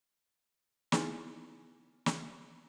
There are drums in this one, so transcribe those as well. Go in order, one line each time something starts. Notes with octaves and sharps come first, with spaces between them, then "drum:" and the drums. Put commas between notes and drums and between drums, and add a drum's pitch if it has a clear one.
B3 D#4 E4 G#4 B4, drum: snare
drum: snare